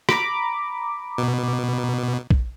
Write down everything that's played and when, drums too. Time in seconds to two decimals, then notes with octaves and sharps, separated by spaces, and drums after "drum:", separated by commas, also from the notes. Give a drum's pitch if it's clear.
0.09 A#5 B5 D6, drum: rim click
1.18 B2
2.31 drum: kick